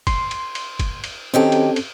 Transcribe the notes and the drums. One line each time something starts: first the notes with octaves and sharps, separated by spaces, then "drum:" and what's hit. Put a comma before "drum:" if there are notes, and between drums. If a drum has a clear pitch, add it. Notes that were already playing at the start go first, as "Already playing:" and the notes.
C6, drum: kick, cymbal
drum: cymbal
drum: cymbal
drum: kick, cymbal
drum: cymbal
D#3 F#3 C4 C#4 G4 A4
drum: cymbal
drum: cymbal